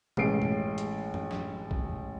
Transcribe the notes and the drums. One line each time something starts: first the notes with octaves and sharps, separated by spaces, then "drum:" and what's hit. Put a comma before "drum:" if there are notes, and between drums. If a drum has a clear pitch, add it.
A1 G#3 C#4 C7 D7, drum: tom B2
drum: tom
drum: hi-hat
drum: tom
drum: snare
drum: kick